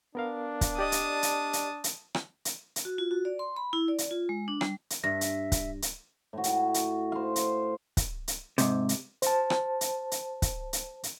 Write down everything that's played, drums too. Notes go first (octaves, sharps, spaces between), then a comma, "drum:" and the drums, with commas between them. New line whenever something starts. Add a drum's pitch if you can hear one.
B3 D4 A#4 F5
drum: kick, hi-hat
G4 D5 D#5 A5 D#6
drum: hi-hat
drum: hi-hat
drum: hi-hat
drum: hi-hat
drum: rim click
drum: hi-hat
drum: hi-hat
F#4
F4
F#4
D5
C6
B5
E4
D5
drum: hi-hat
F4
G#3
D4
G3, drum: rim click
drum: hi-hat
G2 E5 A#6
drum: hi-hat
drum: kick, hi-hat
drum: hi-hat
A2 F#4
drum: hi-hat
drum: hi-hat
C5 F5
drum: hi-hat
drum: kick, hi-hat
drum: hi-hat
G#2 C3, drum: hi-hat
drum: hi-hat
C5 A5, drum: hi-hat
drum: rim click
drum: hi-hat
drum: hi-hat
drum: kick, hi-hat
drum: hi-hat
drum: hi-hat